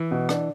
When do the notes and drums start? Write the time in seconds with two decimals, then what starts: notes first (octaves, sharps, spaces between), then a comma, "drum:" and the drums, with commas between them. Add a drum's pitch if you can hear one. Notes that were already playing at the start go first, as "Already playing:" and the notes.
Already playing: E3
0.11 B2
0.29 D4, drum: rim click